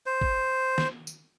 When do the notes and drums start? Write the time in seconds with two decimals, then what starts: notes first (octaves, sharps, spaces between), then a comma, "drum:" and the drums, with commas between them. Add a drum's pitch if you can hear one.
0.06 C5
0.21 drum: kick
0.78 drum: snare
1.07 drum: tambourine